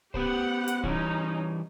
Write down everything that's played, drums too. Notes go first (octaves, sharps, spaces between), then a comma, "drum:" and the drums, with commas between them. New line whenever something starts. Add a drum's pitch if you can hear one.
B3 G4 B4 C5 F#5, drum: kick
drum: hi-hat
E3 G3 C#4 D#4, drum: kick